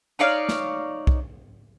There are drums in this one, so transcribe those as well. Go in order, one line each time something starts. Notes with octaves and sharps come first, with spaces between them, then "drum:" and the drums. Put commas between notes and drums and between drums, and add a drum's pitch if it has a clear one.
D#4 C#5 D5 F5
drum: snare
drum: kick